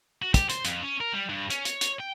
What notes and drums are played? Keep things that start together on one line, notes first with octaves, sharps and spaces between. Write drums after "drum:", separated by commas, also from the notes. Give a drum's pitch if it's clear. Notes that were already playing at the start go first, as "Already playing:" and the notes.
F#4
G4, drum: kick, hi-hat
C5, drum: hi-hat
F2, drum: hi-hat
C#4
A#4
G3
G2
C#4, drum: hi-hat
C#5, drum: hi-hat
drum: hi-hat
G5